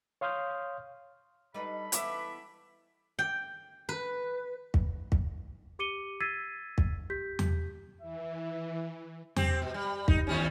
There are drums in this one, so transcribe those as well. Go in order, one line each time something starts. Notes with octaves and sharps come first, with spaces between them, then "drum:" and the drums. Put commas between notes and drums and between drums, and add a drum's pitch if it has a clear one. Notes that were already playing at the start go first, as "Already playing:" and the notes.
C#5 F5 C6 D#6 F6 G6
G3 D#4 A4 B4 B5
E3 B3 E5 D6, drum: hi-hat
G5
B4
drum: kick
drum: kick
G4 D6 C#7 D#7 G7
E6 G#6 A6 B6 C7 D#7
drum: kick
G4 G6 B6
drum: tom E2
E3 E5
C4 G4, drum: tom E2
B2
G3
D#4, drum: kick
D#2 G3 C#4